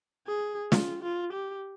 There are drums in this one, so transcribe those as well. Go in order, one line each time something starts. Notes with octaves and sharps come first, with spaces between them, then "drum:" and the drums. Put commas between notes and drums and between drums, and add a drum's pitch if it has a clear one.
G#4
F4, drum: snare
F4
G4